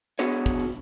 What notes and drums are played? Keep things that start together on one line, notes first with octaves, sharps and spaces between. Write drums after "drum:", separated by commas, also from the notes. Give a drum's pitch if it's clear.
B3 D4 F#4 G#4 C#5, drum: hi-hat
drum: hi-hat
drum: kick, hi-hat
drum: hi-hat